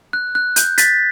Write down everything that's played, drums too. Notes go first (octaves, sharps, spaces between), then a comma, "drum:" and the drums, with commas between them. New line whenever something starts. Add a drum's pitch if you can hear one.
F#6
F#6
G6, drum: hi-hat
A6 B6, drum: hi-hat